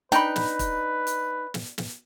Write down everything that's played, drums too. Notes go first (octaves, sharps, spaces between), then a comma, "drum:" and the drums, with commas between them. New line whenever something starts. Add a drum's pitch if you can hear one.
D4 D#4 B4 G5 B5, drum: hi-hat
drum: snare
drum: kick, hi-hat
drum: hi-hat
drum: snare
drum: snare